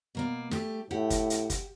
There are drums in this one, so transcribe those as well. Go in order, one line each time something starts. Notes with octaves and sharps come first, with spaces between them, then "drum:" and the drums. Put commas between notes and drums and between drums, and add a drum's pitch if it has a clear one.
B2 A#3 D5
A3 G4, drum: snare
A2 G4 F#5
drum: kick, hi-hat
drum: hi-hat
drum: kick, hi-hat